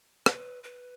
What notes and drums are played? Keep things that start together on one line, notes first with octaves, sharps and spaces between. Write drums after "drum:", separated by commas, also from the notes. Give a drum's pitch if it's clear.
B4, drum: rim click
B4